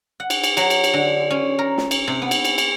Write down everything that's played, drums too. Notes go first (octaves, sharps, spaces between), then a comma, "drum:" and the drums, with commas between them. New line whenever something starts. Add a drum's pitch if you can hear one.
F#5
drum: cymbal
drum: cymbal
F#3, drum: cymbal
drum: cymbal
drum: cymbal
D3
C#4
A#4
drum: snare
drum: cymbal
C3
B3
drum: cymbal
drum: cymbal
drum: cymbal